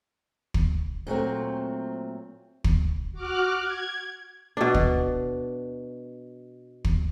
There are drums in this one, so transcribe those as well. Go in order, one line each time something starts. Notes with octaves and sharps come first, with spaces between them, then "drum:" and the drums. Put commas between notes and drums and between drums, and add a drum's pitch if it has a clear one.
drum: kick
A#2 F#3 A3 C4
drum: kick
F#4 D6 F6 F#6
G#6
B2 D4
drum: kick
drum: kick